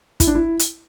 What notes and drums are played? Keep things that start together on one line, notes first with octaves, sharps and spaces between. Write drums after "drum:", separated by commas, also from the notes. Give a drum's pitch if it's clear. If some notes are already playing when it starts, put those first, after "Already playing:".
E4, drum: kick, hi-hat
D4
E4
drum: hi-hat